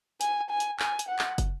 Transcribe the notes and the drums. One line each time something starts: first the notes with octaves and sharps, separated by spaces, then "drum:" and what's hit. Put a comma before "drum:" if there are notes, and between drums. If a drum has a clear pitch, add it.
G#5, drum: hi-hat
G#5
drum: hi-hat
G#5, drum: clap
drum: hi-hat
F#5
drum: clap
drum: kick, hi-hat